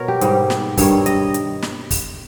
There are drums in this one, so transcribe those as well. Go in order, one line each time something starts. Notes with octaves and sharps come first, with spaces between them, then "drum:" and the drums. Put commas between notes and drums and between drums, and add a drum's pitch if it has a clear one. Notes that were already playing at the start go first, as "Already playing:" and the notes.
Already playing: B2 A#4 C#5
G4
G#2 G3, drum: hi-hat
drum: snare
G2 D#3 G3 C#5, drum: kick, open hi-hat
D#5, drum: hi-hat
drum: hi-hat
drum: snare
drum: kick, open hi-hat